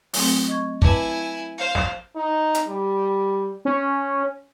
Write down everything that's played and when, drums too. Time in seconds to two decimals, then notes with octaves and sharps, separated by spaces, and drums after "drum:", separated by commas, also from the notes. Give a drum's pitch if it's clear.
0.14 F#3 A3 C4, drum: open hi-hat
0.48 D#5 C#6 G#6
0.82 E4 B4 G#5 A5 D6, drum: kick
1.58 C5 F5
1.75 drum: snare
2.16 D#4
2.55 drum: hi-hat
2.68 G3
3.65 C#4